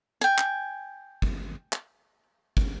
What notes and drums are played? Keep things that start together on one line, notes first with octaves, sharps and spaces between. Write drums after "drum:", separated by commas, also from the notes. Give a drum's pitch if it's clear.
G5 G#5
drum: clap
drum: kick
drum: clap
drum: kick